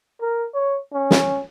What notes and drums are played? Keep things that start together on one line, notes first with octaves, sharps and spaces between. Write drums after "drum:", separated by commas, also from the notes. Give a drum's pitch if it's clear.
A#4
C#5
C#4
drum: snare